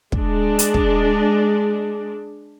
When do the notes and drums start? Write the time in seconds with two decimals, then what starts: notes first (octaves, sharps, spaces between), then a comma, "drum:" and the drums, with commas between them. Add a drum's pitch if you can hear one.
0.12 G#3 D4, drum: kick
0.59 drum: hi-hat
0.74 drum: kick